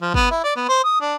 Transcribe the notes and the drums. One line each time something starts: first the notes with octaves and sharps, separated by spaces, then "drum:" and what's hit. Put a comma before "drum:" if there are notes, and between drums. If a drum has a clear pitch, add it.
F3
B3, drum: kick
E4
D5
B3
C5
D#6
D4